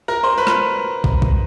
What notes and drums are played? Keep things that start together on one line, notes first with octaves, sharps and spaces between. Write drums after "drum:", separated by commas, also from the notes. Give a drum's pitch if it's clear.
A#4 A#5
C5 C6
B4 B5
drum: rim click
drum: kick
drum: kick